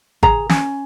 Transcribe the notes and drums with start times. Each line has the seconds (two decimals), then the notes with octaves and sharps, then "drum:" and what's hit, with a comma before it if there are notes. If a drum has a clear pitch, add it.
0.23 G#4 A#5, drum: kick G#1
0.49 C#4, drum: snare